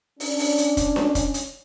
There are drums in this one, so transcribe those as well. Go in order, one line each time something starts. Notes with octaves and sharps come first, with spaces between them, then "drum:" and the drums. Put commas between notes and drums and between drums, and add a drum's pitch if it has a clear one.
C#4 D4, drum: open hi-hat
drum: open hi-hat
drum: hi-hat
drum: kick, hi-hat
drum: snare D4
drum: kick, hi-hat
drum: hi-hat